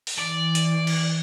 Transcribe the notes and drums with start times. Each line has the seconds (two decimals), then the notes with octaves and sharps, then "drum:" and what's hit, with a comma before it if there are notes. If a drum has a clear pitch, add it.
0.07 drum: open hi-hat
0.19 E3 D5
0.55 drum: hi-hat
0.87 drum: cymbal